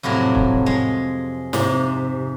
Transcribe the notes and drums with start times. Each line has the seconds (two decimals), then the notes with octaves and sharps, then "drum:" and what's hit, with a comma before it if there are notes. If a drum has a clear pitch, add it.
0.03 F2 A2 C3 F#3
0.35 drum: kick
0.66 G#3
1.53 G#2 C3, drum: snare